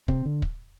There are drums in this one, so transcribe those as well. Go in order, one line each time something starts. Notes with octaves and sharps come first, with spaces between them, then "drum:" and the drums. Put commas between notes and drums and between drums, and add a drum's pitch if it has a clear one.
C3 C4, drum: kick
D3
drum: kick